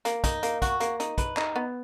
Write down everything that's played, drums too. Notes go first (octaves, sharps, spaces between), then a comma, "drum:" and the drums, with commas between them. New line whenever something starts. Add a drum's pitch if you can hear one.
A#3, drum: hi-hat
D#4, drum: kick, hi-hat
A#3, drum: hi-hat
F#4, drum: kick, hi-hat
A#3, drum: hi-hat
D#4, drum: hi-hat
B4, drum: kick, hi-hat
D#4, drum: clap
B3